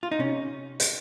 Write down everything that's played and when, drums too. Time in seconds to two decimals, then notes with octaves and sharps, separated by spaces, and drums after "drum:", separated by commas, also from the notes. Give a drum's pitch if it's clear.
0.03 F4
0.12 D#4
0.19 C3 C#4
0.80 drum: hi-hat